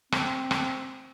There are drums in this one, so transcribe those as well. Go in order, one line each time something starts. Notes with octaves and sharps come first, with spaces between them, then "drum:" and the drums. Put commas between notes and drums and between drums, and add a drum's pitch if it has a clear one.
C4, drum: rim click
drum: rim click